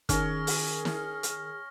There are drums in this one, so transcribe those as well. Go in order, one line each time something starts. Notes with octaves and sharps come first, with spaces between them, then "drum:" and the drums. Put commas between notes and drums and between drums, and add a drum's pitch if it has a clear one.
D#3 C#4 G#4 A#4 F6 A#6, drum: kick, hi-hat
drum: open hi-hat
drum: snare
drum: hi-hat